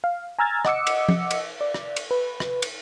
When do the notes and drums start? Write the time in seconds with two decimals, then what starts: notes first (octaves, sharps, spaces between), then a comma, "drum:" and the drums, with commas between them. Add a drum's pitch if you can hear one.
0.04 F5
0.39 G#5 A#5 E6 F6 G#6 A6
0.65 D#5 F#5 D6 E6 C#7, drum: rim click
0.87 drum: cymbal
1.09 drum: tom F3
1.31 drum: cymbal
1.61 D5
1.74 drum: rim click
1.96 drum: cymbal
2.11 B4
2.40 drum: rim click
2.62 drum: cymbal